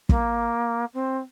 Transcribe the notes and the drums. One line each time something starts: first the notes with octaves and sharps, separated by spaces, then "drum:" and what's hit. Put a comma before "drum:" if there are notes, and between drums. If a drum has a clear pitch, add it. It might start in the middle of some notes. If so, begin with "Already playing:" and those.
A#3, drum: kick
C4